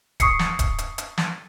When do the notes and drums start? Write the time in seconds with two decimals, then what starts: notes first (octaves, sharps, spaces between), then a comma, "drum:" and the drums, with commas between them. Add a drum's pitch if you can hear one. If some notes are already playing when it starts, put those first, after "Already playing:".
0.20 C#6 D#6 C7 C#7, drum: kick D1, hi-hat
0.39 drum: snare
0.59 drum: kick D1, hi-hat
0.78 drum: hi-hat
0.98 drum: hi-hat
1.18 drum: snare